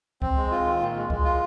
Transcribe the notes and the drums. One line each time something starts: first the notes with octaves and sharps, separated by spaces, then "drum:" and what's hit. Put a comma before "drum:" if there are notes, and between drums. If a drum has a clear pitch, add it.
C4, drum: kick C#2
G#3
F4
D#3
A#2
G#3
G#3, drum: kick C#2
F4